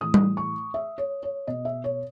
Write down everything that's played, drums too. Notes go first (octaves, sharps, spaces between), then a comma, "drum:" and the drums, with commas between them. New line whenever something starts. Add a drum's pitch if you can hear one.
A2 E3 D#6
drum: tom G3
C#6
E5
C#5
C#5
B2 D#5
E5
C#5